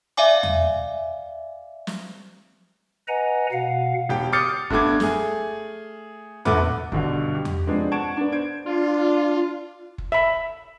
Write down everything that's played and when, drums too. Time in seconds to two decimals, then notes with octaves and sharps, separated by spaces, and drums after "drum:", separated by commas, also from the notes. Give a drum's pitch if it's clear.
0.17 D5 E5 F5 G#5 D6
0.43 drum: tom E2
1.87 drum: snare
3.08 B4 D#5 F#5 G#5 A#5
3.52 B2 F5 F#5
4.09 E1 G4 G5
4.32 D6 D#6 F6 G6 A6 C#7
4.70 G2 A3 B3 D6 G#6, drum: kick F#1
5.00 A3 G#4, drum: snare
6.45 A#1 E2 A3 B4 F#5 D6, drum: tom E2
6.92 G2 B2 D3, drum: kick F#1
7.35 G4
7.45 drum: tom E2
7.67 F3 G#3 B3 C4 D4
7.92 F#5 A5 C#6 G#6 D7 E7
8.17 B3 D4
8.32 C5 G#6 D7
8.66 D4 F4
9.98 drum: kick F#1
10.12 E5 B5